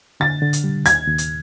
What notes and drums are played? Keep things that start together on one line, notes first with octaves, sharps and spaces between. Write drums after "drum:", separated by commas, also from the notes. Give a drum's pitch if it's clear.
D3 A6
D3
drum: hi-hat
G3
D#2 G#6, drum: hi-hat
D#2
drum: hi-hat